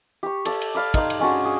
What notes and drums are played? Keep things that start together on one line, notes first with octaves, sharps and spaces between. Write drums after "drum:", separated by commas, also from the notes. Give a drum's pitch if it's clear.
G4 C#6
A4 D5 F5, drum: cymbal
drum: cymbal
D5 F5 B5 D6
D#4 C5 F5 D6, drum: kick, cymbal
drum: cymbal
G#3 C#4 D4 F#4
G#4